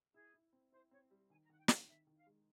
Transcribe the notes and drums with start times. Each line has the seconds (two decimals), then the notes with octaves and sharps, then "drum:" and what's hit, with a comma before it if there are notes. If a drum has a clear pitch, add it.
0.14 E4 G#4
0.34 E4
0.53 C4
0.72 E4 C5
0.91 C4 C#5
1.11 G3
1.30 D#3 G#5
1.44 A#5
1.49 D#3 F#5
1.59 G5
1.68 D#3 F5, drum: snare
1.87 D#3 E5
2.07 D#3
2.16 F5
2.27 G#3